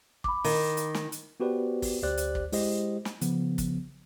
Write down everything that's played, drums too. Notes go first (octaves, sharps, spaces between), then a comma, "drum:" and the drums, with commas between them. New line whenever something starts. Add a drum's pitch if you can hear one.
B5 D6, drum: kick
D#3, drum: open hi-hat
drum: hi-hat
drum: snare
drum: hi-hat
B3 F#4 G4 B4 C5 D5
drum: kick, open hi-hat
D2 G4 C5 D5 F#6
drum: hi-hat
drum: kick
G#3 E4 G4 C5 D#5, drum: open hi-hat
drum: snare
C#3 F3 B3, drum: hi-hat
drum: kick, hi-hat